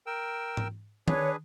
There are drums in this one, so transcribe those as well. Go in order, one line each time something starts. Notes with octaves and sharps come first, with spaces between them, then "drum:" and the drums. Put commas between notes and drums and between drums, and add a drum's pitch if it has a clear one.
A#4 G5 E6
drum: tom G#2
D4 G#4 B4 C#5, drum: tom D#3